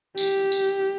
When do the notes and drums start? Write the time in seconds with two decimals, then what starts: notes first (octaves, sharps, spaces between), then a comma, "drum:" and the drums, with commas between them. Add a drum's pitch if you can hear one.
0.17 G4, drum: tambourine
0.52 drum: tambourine